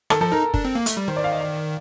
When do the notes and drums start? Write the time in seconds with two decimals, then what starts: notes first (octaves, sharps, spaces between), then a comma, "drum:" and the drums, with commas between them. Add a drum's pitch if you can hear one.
0.10 D#3 A4, drum: rim click
0.21 F3 A4
0.32 D#4 A#4
0.54 D4, drum: kick
0.65 C4
0.75 A#3
0.86 A3, drum: hi-hat
0.97 G3
1.08 D#3 C5
1.16 D5
1.24 F5
1.32 D#5
1.41 D5